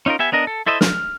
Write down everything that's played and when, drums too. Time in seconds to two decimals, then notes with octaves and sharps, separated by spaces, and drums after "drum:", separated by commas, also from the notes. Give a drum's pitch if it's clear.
0.06 C#4 D#4 F4 A#4
0.19 B3 G4 E5 G#5
0.32 B3 D4 A#4 D#5
0.47 A4
0.66 E4 A4 C5 D#5 E5
0.81 F6, drum: snare